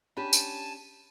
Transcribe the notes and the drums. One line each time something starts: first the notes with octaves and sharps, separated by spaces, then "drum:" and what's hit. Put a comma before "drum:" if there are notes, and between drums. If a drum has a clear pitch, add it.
C#4 D4 G4 G#5 A5 B5
drum: tambourine